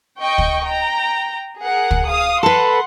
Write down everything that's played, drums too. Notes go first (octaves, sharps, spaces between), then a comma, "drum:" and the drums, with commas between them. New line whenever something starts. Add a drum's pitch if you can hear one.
D#5 G5 C#6
drum: kick
G5 A#5
G#4 A#4 F#5
drum: kick
F5 D#6
A4 B4 F#5 C6